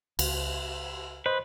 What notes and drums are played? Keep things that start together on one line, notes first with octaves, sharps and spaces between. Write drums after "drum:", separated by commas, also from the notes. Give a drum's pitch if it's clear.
C#2, drum: cymbal
B4 C5 D#5